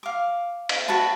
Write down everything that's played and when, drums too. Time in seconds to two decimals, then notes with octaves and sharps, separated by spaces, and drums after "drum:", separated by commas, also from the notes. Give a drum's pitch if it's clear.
0.03 F5 D6
0.69 drum: cymbal
0.88 F#4 F#5 A5 B5